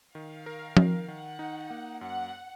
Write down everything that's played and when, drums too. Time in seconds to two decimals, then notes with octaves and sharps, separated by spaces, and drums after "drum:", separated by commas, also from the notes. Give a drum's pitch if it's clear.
0.15 D#3 F5
0.46 A#4
0.77 D#3, drum: tom F3
1.08 D#3 F#5
1.39 D#4
1.70 A#3
2.01 F#2 F#5